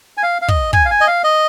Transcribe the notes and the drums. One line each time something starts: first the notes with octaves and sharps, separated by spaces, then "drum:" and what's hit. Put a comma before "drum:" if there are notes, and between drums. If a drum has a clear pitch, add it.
G#5
F5
F5
D#5, drum: kick
G#5, drum: kick
F5
G#5
D#5
F5
D#5